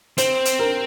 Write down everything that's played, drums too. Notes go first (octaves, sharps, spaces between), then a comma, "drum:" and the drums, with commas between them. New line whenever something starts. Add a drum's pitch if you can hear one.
C4 C5, drum: hi-hat
drum: hi-hat
A#4